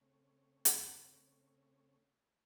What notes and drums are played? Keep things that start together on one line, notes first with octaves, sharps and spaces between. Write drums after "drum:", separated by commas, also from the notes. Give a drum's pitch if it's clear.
C#3 A3 C4 C#5
drum: hi-hat